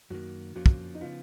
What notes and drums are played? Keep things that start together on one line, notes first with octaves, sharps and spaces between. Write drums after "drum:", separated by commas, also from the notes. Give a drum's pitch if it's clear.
F#2 D#3 A#3 F#4
F2 F3 A#3 C#4 F4 F#4
drum: kick
D#4
C#3 F3 B3 F4